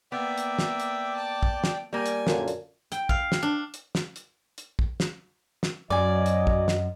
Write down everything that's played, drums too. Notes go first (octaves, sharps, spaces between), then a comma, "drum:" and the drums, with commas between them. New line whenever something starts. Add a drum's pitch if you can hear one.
A#3 B3 D5 E5 G5 D6
drum: hi-hat
drum: snare
drum: hi-hat
A5
drum: kick
drum: snare
G3 A#3 G#5
drum: hi-hat
F#2 A#2 D3, drum: snare
drum: hi-hat
G5, drum: hi-hat
F5, drum: kick
drum: snare
D4
drum: hi-hat
drum: snare
drum: hi-hat
drum: hi-hat
drum: kick
drum: snare
drum: snare
F#2 F#3 D5 D#5 G#5
drum: hi-hat
drum: kick
drum: snare